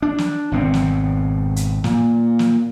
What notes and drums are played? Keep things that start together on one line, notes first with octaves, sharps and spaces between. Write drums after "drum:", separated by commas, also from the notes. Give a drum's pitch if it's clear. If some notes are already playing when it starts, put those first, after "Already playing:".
D4
drum: snare
G#1 B2 C4
drum: snare
drum: hi-hat
A#2, drum: snare
drum: snare